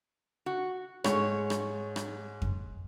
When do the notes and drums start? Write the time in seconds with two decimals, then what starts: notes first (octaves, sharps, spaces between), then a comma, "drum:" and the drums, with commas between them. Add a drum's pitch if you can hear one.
0.46 F#4
1.04 G#2 C#5, drum: rim click
1.50 drum: rim click
1.96 drum: rim click
2.42 drum: kick F2